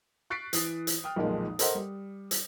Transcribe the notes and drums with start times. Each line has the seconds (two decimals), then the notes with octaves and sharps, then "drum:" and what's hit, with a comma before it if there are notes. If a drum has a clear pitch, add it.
0.30 C#6 F#6 A6 B6 C7 D7
0.53 E3 D#6, drum: hi-hat
0.87 drum: hi-hat
1.04 G5 D#6 F6
1.16 B1 F2 A#2 D#3 F3 G#3
1.59 A4 A#4 C5 D#5 F#5, drum: hi-hat
1.75 G3
2.31 drum: hi-hat